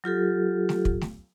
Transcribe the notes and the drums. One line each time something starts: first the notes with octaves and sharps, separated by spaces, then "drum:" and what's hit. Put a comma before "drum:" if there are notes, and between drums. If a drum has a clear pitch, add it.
F#3 F4 G4 A4
drum: snare A3
drum: kick
drum: snare A3